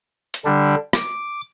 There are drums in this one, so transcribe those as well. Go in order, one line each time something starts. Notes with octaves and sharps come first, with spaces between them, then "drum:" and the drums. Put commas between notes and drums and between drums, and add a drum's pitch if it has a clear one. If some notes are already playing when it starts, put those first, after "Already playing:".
drum: hi-hat
D3 G3 D4
D6, drum: rim click